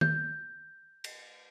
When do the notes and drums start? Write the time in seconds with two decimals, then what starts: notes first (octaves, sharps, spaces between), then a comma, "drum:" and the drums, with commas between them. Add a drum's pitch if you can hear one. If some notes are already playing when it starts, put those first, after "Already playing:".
0.01 G6, drum: tom D#3
1.04 drum: cymbal